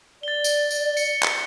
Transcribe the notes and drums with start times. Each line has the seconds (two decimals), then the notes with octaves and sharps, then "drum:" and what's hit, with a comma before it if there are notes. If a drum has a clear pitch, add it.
0.23 D5 A6 G7
0.44 drum: tambourine
0.71 drum: tambourine
0.97 C#7, drum: tambourine
1.23 drum: clap